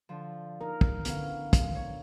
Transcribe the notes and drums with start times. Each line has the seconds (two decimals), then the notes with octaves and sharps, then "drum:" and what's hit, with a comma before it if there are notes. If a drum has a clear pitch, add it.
0.09 D3 F3
0.61 D#4 A#4
0.81 drum: kick
1.05 D3 B3 C#4 E4 F5, drum: hi-hat
1.53 drum: kick, hi-hat
1.75 C#5